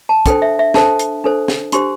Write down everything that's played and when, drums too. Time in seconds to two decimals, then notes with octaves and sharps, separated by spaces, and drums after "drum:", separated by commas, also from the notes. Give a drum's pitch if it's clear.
0.09 A5
0.26 D4 A4 C5 G5, drum: kick, hi-hat
0.42 E5
0.59 E5
0.74 D4 A4 C5 A5, drum: snare
0.99 drum: hi-hat
1.24 D4 A4 C5
1.48 drum: snare
1.72 D4 G4 C5 C6, drum: hi-hat